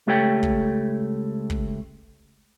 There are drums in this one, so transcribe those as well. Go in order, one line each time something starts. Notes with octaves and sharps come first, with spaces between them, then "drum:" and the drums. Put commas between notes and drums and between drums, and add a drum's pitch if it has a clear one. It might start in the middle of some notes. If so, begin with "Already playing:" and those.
C#2 A3 G4 A4 C#5 G5
drum: kick
drum: kick